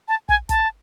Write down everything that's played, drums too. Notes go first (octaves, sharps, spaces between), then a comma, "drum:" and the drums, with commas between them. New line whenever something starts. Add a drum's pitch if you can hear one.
A5
G#5, drum: kick
A5, drum: kick, hi-hat